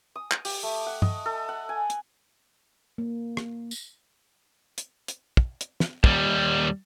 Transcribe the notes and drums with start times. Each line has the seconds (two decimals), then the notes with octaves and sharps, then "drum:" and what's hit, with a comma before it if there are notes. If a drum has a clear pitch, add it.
0.15 D#6
0.31 drum: clap
0.45 G4, drum: open hi-hat
0.63 A3
0.86 F#5
1.02 D#5, drum: tom
1.26 A4
1.49 F#5
1.69 G#5
1.90 drum: hi-hat
2.98 A#3
3.37 drum: rim click
3.71 drum: tambourine
4.78 drum: hi-hat
5.08 drum: hi-hat
5.37 drum: kick
5.61 drum: hi-hat
5.80 drum: snare
6.04 D#2 G3, drum: kick